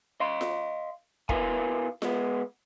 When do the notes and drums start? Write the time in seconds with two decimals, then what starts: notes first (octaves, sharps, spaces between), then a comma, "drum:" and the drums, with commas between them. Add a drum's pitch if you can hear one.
0.20 D#5 F5 C6
0.41 drum: snare F4
1.29 B2 E4 A#4 B4 F5 G#5, drum: kick
2.02 G#3 B3, drum: snare F4